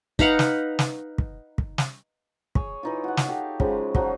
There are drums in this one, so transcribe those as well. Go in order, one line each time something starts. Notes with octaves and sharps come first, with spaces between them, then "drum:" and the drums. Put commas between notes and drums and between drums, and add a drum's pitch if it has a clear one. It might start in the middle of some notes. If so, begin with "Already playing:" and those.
D#4 B4 F5 F#5, drum: kick
drum: snare
drum: snare
drum: kick
drum: kick
drum: snare
G#4 C#5, drum: kick
E3 D#4 F4
F#4 F#5
drum: snare
G4 A4 F5
C#3 F3 F#3 G#3, drum: kick
F3 F#3 D#4 F#4, drum: kick